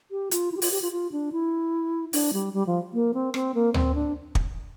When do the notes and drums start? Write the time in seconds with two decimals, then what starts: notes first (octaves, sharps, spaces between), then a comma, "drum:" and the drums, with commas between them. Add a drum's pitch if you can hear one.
0.11 G4
0.31 F4, drum: hi-hat
0.52 E4
0.57 G4
0.62 F4, drum: open hi-hat
0.71 G4
0.82 F4
0.92 F4
1.12 D4
1.32 E4
2.13 D4, drum: open hi-hat
2.33 G3
2.53 G3
2.67 F3
2.93 A#3
3.14 C4
3.34 C4, drum: rim click
3.55 A#3
3.74 C4, drum: tom D2
3.95 D4
4.35 drum: kick